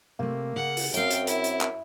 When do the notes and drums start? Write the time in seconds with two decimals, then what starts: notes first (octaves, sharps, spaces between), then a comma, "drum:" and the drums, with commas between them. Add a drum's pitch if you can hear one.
0.19 C3 A3 A#3
0.56 C#3 F#5
0.77 drum: open hi-hat
0.94 F#2 C4 A#4 F5 G5, drum: hi-hat
1.10 drum: hi-hat
1.27 E4, drum: hi-hat
1.44 drum: hi-hat
1.61 drum: clap